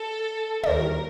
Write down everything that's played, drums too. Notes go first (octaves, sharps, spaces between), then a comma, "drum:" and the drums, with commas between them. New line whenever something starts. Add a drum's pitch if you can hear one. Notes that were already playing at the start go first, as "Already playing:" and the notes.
Already playing: A4
D#2 D#3 G3 A#4, drum: tom